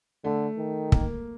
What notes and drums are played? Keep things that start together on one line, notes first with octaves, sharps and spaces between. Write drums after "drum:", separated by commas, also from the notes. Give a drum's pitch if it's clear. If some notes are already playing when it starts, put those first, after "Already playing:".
D3 A3
D#3
A#3, drum: kick